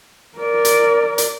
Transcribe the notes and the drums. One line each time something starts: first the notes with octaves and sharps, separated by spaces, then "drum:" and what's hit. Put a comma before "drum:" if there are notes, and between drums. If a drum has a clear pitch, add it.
A#4 D5
drum: hi-hat
drum: hi-hat